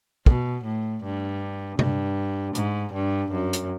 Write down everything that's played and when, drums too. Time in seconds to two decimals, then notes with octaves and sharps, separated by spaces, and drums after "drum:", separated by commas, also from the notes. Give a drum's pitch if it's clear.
0.26 B2, drum: kick
0.65 A2
1.04 G2
1.79 G2, drum: tom C3
2.55 G#2, drum: hi-hat
2.93 G2
3.32 F#2
3.53 drum: hi-hat